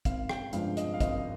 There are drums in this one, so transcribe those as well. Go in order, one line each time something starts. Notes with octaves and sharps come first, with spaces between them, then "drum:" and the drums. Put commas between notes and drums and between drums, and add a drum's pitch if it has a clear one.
G#1 F5, drum: kick, hi-hat
G5, drum: rim click
G2 F3 G#3 F5, drum: hi-hat
D#5, drum: hi-hat
F5
G#1 D#5, drum: kick, hi-hat